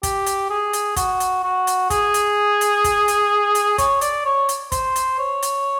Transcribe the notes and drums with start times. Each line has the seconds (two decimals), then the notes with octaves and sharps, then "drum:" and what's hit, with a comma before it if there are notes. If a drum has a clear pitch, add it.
0.03 G4, drum: kick, hi-hat
0.26 drum: hi-hat
0.50 G#4
0.73 drum: hi-hat
0.96 F#4, drum: kick, hi-hat
1.20 drum: hi-hat
1.44 F#4
1.67 drum: hi-hat
1.90 G#4, drum: kick, hi-hat
2.14 drum: hi-hat
2.61 drum: hi-hat
2.84 drum: kick, hi-hat
3.08 drum: hi-hat
3.55 drum: hi-hat
3.78 C#5, drum: kick, hi-hat
4.01 D5, drum: hi-hat
4.25 C#5
4.49 drum: hi-hat
4.72 C5, drum: kick, hi-hat
4.96 drum: hi-hat
5.19 C#5
5.42 drum: hi-hat